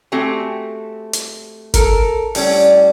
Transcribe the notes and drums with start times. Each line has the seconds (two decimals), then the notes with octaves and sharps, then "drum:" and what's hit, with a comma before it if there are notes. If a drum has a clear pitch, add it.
0.12 A3 C4 F#4 G4 G#5
1.13 drum: hi-hat
1.74 A4 A#4, drum: kick G1, hi-hat
2.35 A2 G3 C#4, drum: open hi-hat